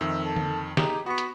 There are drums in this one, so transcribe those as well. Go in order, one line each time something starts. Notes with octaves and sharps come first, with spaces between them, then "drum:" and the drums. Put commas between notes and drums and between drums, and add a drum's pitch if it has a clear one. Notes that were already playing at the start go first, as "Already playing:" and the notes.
F2 D#3 E5
A4
drum: tom D3
D#4 G4 G#4, drum: snare
B3 F#4 C#6
drum: hi-hat